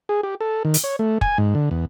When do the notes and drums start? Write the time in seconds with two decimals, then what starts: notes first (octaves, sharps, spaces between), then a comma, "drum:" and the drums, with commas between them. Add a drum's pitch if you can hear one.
0.09 G#4
0.23 G4
0.41 A4
0.65 D#3
0.74 drum: hi-hat
0.84 C#5
0.99 A3
1.21 G#5, drum: kick
1.38 G#2
1.55 D3
1.71 E2